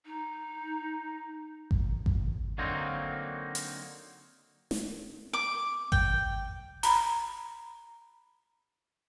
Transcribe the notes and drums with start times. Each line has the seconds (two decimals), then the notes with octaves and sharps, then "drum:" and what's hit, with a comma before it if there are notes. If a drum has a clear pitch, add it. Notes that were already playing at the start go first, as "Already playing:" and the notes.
0.06 D#4
1.71 drum: kick G#1
2.06 drum: kick G#1
2.58 D3 F#3 A#3 C4 D#4
3.55 drum: hi-hat
4.71 drum: snare
5.33 D6
5.92 G5, drum: kick G#1
6.83 A#5 B5, drum: hi-hat